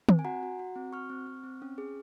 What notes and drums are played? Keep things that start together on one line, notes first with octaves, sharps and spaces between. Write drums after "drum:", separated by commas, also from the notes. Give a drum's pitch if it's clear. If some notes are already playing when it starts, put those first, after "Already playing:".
C4, drum: tom
G#5
F#4 F#5 A#5
F#4
F#4
C4
F#4 C#6 F6
C4
C4
C4
C#4
G#4